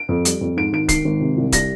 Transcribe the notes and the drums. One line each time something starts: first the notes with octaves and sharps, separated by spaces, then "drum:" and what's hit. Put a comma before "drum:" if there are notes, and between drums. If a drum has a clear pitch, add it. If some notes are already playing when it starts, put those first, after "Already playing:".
Already playing: D7
F2
G3, drum: hi-hat
F2
G#2 D7
G#1 D7
D#3 C7, drum: kick C#1, hi-hat
G#1
C3
C2
G3 A#6, drum: kick C#1, hi-hat